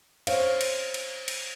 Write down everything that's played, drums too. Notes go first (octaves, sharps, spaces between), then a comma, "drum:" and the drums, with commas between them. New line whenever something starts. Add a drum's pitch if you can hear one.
C5 C#5 F5, drum: cymbal
drum: cymbal
drum: cymbal
drum: cymbal